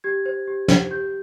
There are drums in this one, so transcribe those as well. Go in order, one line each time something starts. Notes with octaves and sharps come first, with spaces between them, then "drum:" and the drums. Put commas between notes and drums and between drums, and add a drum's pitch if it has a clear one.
G4 G#6
C5
G4
C5, drum: snare
G4 G6